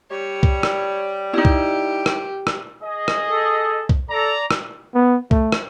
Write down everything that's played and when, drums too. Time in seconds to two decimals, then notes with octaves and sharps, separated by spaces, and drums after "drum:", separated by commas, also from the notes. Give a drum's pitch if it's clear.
0.11 G3 C#5
0.43 drum: kick
0.63 drum: rim click
1.33 D#4 E4 G4
1.45 drum: kick
2.06 drum: rim click
2.47 drum: rim click
2.82 G#4 D#5
3.08 drum: rim click
3.27 A4
3.89 drum: kick
4.10 A4 D5 A#5
4.51 drum: rim click
4.95 B3
5.31 A3, drum: kick
5.52 drum: rim click